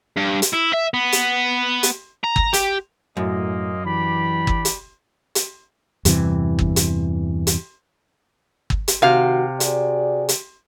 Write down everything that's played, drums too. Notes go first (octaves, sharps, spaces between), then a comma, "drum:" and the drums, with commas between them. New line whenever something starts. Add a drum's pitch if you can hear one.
G2
drum: hi-hat
E4
E5
B3
drum: hi-hat
drum: hi-hat
A#5
drum: kick
G4, drum: hi-hat
F#2 A2 G#3 A#3 D#5
E3 D4 G4 B5
drum: kick
drum: hi-hat
drum: hi-hat
E2 G2 C3 E3, drum: hi-hat
drum: kick
drum: hi-hat
drum: hi-hat
drum: kick
drum: hi-hat
C3 D#3 F#4 F5
F#4 G#4 D5, drum: hi-hat
drum: hi-hat